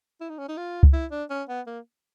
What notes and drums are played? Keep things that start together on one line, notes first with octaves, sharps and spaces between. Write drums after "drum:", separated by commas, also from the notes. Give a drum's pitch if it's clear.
E4
D#4
C#4
D#4
F4
drum: kick C#2
E4
D4
C#4
B3
A#3